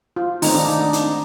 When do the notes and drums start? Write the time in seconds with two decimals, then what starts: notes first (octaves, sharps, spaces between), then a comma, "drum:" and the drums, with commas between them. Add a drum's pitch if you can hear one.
0.16 F4
0.42 D#3 A3 C4 D#4, drum: open hi-hat
0.55 D4
0.68 D#4
0.81 D4
0.93 D#4, drum: hi-hat